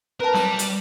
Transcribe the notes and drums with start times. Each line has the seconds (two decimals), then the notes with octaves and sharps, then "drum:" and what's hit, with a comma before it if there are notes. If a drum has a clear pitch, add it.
0.20 A#4 B4 A5
0.34 G3, drum: snare
0.59 drum: hi-hat